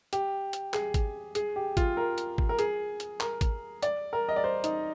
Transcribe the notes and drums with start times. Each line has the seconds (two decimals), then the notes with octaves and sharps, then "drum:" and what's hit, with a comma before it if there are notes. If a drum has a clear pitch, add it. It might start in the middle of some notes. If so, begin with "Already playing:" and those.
0.13 G4, drum: hi-hat
0.53 drum: hi-hat
0.73 G#4, drum: clap
0.94 drum: kick G#1, hi-hat
1.35 G#4, drum: hi-hat
1.56 G4
1.77 F4, drum: kick G#1, hi-hat
1.97 A#4
2.18 drum: hi-hat
2.38 drum: kick G#1
2.49 A#4
2.59 G#4, drum: hi-hat
3.00 drum: hi-hat
3.20 A#4, drum: clap
3.41 drum: kick G#1, hi-hat
3.82 D5, drum: hi-hat
4.13 A#4
4.29 D#5
4.36 D5
4.44 C5
4.64 D#4, drum: hi-hat